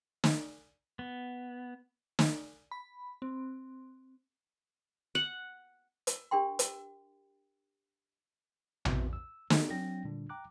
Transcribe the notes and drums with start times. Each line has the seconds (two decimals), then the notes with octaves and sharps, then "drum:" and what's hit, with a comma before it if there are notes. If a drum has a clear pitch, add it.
0.24 drum: snare
0.99 B3
2.19 drum: snare
2.71 B5
3.22 C4
5.15 F#5
6.07 drum: hi-hat
6.31 D4 G4 A#4 G5 C6
6.59 drum: hi-hat
8.85 B3 C4 E4 F#4 B4 E5, drum: tom A#1
9.13 E6
9.50 B3 D4 F#4 G4 A4 A#4, drum: snare
9.71 F#3 C4 D4 G5 A#6
10.05 A#2 D3 G3 D4
10.29 G5 A#5 D6 F#6